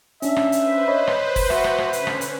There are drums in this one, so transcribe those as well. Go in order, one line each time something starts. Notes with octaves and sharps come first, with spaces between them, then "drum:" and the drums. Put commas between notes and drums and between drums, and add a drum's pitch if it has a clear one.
C#4 D4 E5, drum: hi-hat
drum: rim click
B4 C5, drum: hi-hat
C#5 D#5 B5
drum: rim click
drum: kick, open hi-hat
F#4 E5, drum: rim click
drum: rim click
drum: rim click
D3 C#4 B4, drum: hi-hat
drum: rim click
drum: hi-hat